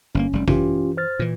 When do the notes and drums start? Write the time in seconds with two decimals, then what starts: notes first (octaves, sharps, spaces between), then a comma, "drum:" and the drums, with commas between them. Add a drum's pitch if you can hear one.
0.15 G1 B2 A#3 C#4
0.33 F1 G3
0.48 E3 C#4 F4 G4, drum: kick
0.97 C5 F6 A6
1.19 A#2 E3